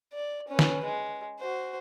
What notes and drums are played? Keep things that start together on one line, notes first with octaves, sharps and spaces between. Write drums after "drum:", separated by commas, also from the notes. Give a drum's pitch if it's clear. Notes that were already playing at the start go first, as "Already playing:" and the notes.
D5
C#4 B4
drum: snare
G#3
F#4 C5